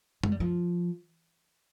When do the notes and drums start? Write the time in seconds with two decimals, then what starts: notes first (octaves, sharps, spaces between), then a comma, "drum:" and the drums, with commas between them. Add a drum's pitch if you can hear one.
0.24 G#3, drum: tom F#2
0.32 G3
0.40 F3